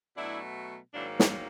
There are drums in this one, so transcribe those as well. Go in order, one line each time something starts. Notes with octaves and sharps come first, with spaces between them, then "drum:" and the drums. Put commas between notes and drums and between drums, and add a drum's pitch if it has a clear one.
B2 F#3 A3 D4 E4
G#2 D#3 F#3 A#3 D4 E4
drum: snare